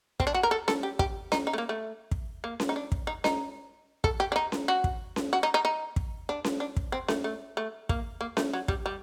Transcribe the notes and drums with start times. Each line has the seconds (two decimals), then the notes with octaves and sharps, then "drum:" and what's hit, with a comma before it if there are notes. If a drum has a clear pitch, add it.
0.20 C4, drum: kick
0.27 D4
0.34 F#4
0.43 A#4
0.51 A4
0.68 A4, drum: snare C#4
0.83 G4
0.99 G4, drum: kick
1.32 D#4, drum: snare C#4
1.47 D#4
1.53 A3
1.58 A#3
1.69 A3
2.11 drum: kick
2.44 A#3
2.60 drum: snare C#4
2.69 D#4
2.76 D4
2.92 drum: kick
3.07 D#4
3.24 D#4, drum: snare C#4
4.04 A4, drum: kick
4.20 G4
4.32 D4
4.36 D#4
4.52 drum: snare C#4
4.68 F#4
4.84 drum: kick
5.16 drum: snare C#4
5.33 F#4
5.43 D#4
5.54 D#4
5.65 D#4
5.96 drum: kick
6.29 D4
6.44 drum: snare C#4
6.60 D4
6.77 drum: kick
6.92 C4
7.08 A3, drum: snare C#4
7.24 A3
7.57 A3
7.89 A#3, drum: kick
8.21 A#3
8.37 A3, drum: snare C#4
8.53 F#3
8.68 G3, drum: kick
8.86 G3